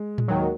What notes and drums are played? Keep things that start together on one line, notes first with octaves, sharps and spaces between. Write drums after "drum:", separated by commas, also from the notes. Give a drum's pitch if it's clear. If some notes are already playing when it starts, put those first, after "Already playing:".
Already playing: G#3
drum: tom A2
D#2 D#3 F#3